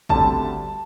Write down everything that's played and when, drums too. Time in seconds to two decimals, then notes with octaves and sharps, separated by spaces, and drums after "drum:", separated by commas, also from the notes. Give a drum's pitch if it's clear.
0.09 D2 D3 G3 C4 A5, drum: kick G#1